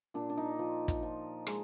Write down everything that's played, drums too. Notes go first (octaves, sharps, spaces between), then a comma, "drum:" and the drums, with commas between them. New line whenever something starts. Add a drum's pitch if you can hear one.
A#2 D4
D4
D#4
F3
drum: kick, hi-hat
F3
G#3, drum: rim click